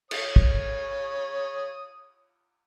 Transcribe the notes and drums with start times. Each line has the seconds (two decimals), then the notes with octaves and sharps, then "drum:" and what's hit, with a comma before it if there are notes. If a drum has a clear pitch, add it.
0.11 C#5 D#6, drum: cymbal
0.36 drum: kick